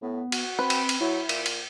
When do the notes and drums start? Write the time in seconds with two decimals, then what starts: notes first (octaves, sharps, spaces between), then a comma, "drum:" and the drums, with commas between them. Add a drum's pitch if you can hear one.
0.02 A2 B3
0.32 F#4, drum: cymbal
0.59 C4 B4
0.70 drum: cymbal
0.89 drum: cymbal
1.01 F#3 E4
1.29 A#2, drum: cymbal
1.46 drum: cymbal